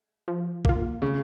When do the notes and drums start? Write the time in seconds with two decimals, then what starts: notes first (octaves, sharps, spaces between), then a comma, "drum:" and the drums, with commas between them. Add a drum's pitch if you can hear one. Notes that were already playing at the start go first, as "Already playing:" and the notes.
0.28 F3
0.65 A#3 F4, drum: kick
1.02 C#3